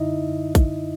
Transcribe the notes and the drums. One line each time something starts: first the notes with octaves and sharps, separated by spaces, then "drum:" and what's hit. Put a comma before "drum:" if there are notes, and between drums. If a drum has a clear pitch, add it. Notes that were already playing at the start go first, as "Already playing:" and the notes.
Already playing: F#2 D3 D#4 E4 D#5 E5
F#2 D3
drum: kick, hi-hat